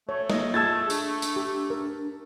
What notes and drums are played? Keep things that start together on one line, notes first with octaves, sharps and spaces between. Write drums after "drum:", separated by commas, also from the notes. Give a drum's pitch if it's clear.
A3 C#5
A#3 D#5, drum: snare G#3
F4 G#4 A5 E6 G#6 A6
D4, drum: tambourine
drum: tambourine
G4
A#4